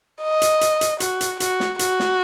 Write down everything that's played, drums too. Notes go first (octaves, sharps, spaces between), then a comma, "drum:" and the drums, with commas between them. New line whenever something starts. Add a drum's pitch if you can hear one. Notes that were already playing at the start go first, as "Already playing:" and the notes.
D#5
drum: hi-hat
drum: hi-hat
drum: hi-hat
F#4, drum: hi-hat
drum: hi-hat
F#4, drum: hi-hat
drum: snare
F#4, drum: hi-hat
drum: snare